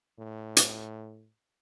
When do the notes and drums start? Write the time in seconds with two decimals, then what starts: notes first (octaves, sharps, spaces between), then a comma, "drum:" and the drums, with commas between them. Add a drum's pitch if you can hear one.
0.19 A2
0.57 drum: hi-hat